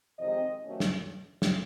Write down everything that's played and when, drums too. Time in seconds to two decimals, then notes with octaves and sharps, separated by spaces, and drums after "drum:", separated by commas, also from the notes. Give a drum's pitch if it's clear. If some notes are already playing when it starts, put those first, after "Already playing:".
0.19 F2 C3 D#3 G#3 C4 D#5
0.64 C3 D#3 F#3 A3 C#4
0.80 drum: snare
1.42 drum: snare